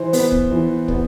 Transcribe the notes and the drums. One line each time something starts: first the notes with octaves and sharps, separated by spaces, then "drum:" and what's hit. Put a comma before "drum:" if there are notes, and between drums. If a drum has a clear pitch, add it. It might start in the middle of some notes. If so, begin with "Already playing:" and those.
Already playing: E3 C5
B3, drum: open hi-hat
drum: kick
E3
B3, drum: kick